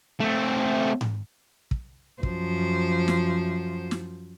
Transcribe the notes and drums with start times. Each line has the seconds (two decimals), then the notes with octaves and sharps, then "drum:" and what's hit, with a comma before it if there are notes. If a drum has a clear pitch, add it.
0.20 A3 C4
1.01 drum: tom G#2
1.71 drum: kick
2.23 F#2 F3 C5, drum: kick
3.08 drum: snare
3.91 drum: snare